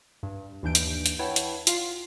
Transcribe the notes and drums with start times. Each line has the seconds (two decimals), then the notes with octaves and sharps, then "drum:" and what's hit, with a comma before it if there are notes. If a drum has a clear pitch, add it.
0.23 G2
0.63 D#2 E3 D4 G6 D7
0.75 drum: hi-hat
1.06 drum: hi-hat
1.19 E4 B4 C#5 F#5 G5 A5
1.36 drum: hi-hat
1.67 F4 F5 C7, drum: hi-hat